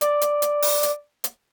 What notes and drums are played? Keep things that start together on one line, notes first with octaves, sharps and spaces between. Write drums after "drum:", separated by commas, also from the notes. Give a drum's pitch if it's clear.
D5, drum: hi-hat
drum: hi-hat
drum: hi-hat
drum: open hi-hat
drum: hi-hat
drum: hi-hat